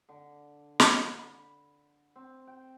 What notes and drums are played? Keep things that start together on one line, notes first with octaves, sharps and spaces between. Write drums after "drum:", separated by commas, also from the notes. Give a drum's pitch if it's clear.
D3
drum: snare
B5
C4
G5